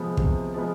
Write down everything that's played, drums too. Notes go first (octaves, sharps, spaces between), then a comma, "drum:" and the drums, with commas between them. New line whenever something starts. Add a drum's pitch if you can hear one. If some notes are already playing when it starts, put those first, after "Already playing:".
Already playing: C3 F3 G#3 B3
C3, drum: kick
F3 G#3 B3